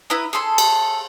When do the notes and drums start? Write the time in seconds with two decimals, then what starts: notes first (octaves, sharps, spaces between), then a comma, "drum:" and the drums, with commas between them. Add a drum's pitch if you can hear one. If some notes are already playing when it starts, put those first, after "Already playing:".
0.10 E4 B4 A#5 D#6
0.33 G#4 A4 C6 E6
0.58 drum: cymbal